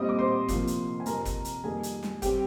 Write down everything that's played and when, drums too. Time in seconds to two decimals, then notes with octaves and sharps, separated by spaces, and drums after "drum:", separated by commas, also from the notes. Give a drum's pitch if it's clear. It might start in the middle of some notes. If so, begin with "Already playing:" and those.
Already playing: A#2 G3 C4 D#5 D#6
0.09 D6
0.19 C5 C6
0.48 C3 F3 A#3, drum: kick, hi-hat
0.67 drum: hi-hat
1.00 G#5
1.06 F2 C3 F3 C4 A#4 A#5, drum: hi-hat
1.25 drum: kick, hi-hat
1.45 drum: hi-hat
1.64 F2 D#3 G3 A#3 G#4 G#5
1.83 drum: hi-hat
2.03 drum: snare
2.22 G3 C4 G4 G5, drum: kick, hi-hat